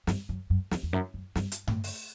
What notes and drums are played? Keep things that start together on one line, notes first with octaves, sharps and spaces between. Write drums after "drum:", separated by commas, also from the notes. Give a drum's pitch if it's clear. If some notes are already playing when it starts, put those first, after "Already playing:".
G2, drum: snare
F#2
F#2
E2, drum: snare
E2
F#2
F#2
G2, drum: snare
drum: hi-hat
A2, drum: tom G2
drum: open hi-hat